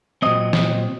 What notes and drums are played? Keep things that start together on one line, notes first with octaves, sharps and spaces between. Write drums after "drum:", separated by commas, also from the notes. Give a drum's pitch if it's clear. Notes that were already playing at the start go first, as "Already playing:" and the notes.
A#2 F#3 C4 D#5
drum: snare